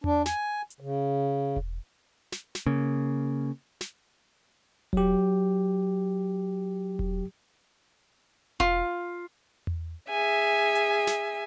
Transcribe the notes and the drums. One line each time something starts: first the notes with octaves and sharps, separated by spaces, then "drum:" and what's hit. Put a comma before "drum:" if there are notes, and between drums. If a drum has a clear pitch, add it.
D4, drum: tom E2
G#5, drum: snare
drum: hi-hat
C#3
drum: kick E1
drum: snare
drum: snare
C#3 A#3
drum: snare
F#3 G4, drum: kick E1
drum: kick E1
F4, drum: kick E1
drum: tom E2
G#4 E5 G#5
drum: hi-hat
drum: snare